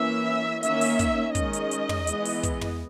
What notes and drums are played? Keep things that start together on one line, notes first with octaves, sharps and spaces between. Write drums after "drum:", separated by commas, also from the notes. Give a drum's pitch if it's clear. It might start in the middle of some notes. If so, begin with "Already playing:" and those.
Already playing: E3 A#3 C#4 E5
D#3 A#3 C#4 E5, drum: hi-hat
drum: open hi-hat
drum: kick, hi-hat
D#3 G#3 C#4 D#5, drum: kick, hi-hat
drum: hi-hat
drum: hi-hat
drum: tom
E3 G#3 B3, drum: hi-hat
drum: open hi-hat
drum: kick, hi-hat
drum: tom